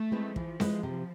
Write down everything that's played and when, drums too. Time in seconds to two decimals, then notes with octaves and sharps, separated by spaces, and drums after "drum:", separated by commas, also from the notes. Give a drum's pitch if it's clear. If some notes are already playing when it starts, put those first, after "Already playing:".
Already playing: A3
0.11 G#3 C4 E4 B4
0.36 E3 F3, drum: kick
0.60 G#3 C4 E4 B4, drum: snare C4
0.83 C3